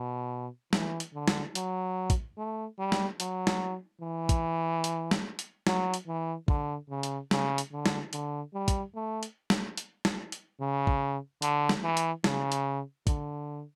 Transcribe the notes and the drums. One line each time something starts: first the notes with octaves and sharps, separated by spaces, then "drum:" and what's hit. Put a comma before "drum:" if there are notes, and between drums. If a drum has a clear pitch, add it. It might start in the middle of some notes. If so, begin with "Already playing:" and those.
Already playing: B2
E3, drum: snare
drum: hi-hat
D3
drum: snare
F#3, drum: hi-hat
drum: kick, hi-hat
A3
G3
drum: snare
F#3, drum: hi-hat
drum: snare
E3
drum: kick, hi-hat
drum: hi-hat
drum: snare
drum: hi-hat
F#3, drum: snare
drum: hi-hat
E3
D3, drum: kick
C#3
drum: hi-hat
C#3, drum: snare
drum: hi-hat
D3
drum: snare
D3, drum: hi-hat
G3
drum: kick, hi-hat
A3
drum: hi-hat
drum: snare
drum: hi-hat
drum: snare
drum: hi-hat
C#3
drum: kick
D3, drum: hi-hat
drum: snare
E3
drum: hi-hat
C#3, drum: snare
drum: hi-hat
D3, drum: kick, hi-hat